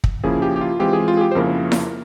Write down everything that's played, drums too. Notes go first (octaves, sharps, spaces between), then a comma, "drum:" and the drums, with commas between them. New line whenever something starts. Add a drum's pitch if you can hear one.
drum: kick
C#3 F3 A#3 C#4 E4 G#4
G4
G4
F4
E3 G#3 C4 F4 G4
G#4
F4
G#4
G4
C5
F2 C#3 F3 A#3 E4 A#4
drum: snare E4